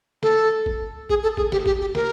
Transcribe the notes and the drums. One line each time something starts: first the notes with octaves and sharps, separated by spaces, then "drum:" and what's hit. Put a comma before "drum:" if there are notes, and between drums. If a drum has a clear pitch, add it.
A4, drum: snare
drum: kick
G#4, drum: kick
A4
G#4, drum: kick
G4, drum: snare
G4, drum: kick
G4
A#4, drum: snare